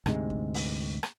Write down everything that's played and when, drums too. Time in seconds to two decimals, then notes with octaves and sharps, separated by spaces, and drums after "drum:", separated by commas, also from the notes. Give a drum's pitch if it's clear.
0.06 D2 G#2 C3 G#3, drum: rim click
0.30 drum: kick
0.54 drum: open hi-hat
1.03 drum: rim click